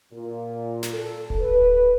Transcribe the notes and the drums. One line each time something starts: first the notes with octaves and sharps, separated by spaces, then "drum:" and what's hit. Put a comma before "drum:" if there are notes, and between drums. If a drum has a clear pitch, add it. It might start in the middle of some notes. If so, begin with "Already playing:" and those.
A#2
drum: snare
A4
drum: kick D1
B4